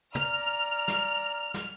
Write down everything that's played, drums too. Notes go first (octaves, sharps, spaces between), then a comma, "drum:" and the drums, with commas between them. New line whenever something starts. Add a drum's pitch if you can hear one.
D5 A#5 F6, drum: tom
drum: snare
drum: snare